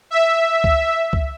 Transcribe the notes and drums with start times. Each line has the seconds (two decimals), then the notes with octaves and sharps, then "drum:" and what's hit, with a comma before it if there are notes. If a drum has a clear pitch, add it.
0.11 E5
0.64 drum: kick C#2
1.13 drum: kick C#2